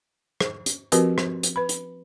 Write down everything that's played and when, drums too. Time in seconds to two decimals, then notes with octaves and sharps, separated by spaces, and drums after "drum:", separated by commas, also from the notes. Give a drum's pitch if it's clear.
0.41 drum: rim click
0.66 drum: hi-hat
0.92 F3 C4 F#4 G4 A#4 B4, drum: hi-hat
1.18 drum: rim click
1.43 drum: hi-hat
1.56 B4 B5
1.69 drum: hi-hat